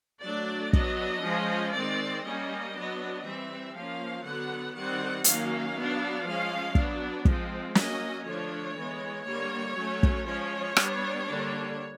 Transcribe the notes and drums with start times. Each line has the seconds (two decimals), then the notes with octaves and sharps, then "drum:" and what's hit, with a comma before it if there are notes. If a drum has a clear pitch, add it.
0.23 F#3 A3 D4 D5
0.73 F#3 B3 D4 D#5, drum: kick
1.24 F3 G#3 C#4
1.74 D#3 G#3 C4 D5
2.24 G3 A#3 C#4 D#5
2.74 F#3 B3 D4
3.24 E3 G3 C4 E5
3.75 F3 A#3 C#4 F5
4.24 D3 F#3 B3 F#5
4.75 D#3 G3 C4 F#5
5.24 D#3 F#3 A#3 C#4 F5, drum: hi-hat
5.75 F#3 B3 D4
6.25 F3 G#3 C#4 F5
6.75 F#3 B3 D4, drum: kick
7.25 F3 G#3 C4, drum: kick
7.75 F#3 A#3 C#4 D#5, drum: snare
8.25 D3 F3 A3 D4 C#5
8.76 E3 G#3 B3
9.25 D3 G3 A#3 C#5
9.76 F#3 A3 C#4
10.03 drum: kick
10.26 F3 G#3 C#4 C#5
10.77 G3 B3 D4, drum: rim click
11.26 D3 G3 A#3 D4